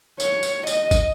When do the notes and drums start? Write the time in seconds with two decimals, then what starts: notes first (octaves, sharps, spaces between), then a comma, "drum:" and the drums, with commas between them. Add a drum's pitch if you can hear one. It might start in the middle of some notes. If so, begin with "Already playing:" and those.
0.20 C#5, drum: tambourine
0.43 drum: tambourine
0.67 D#5, drum: tambourine
0.91 drum: kick, tambourine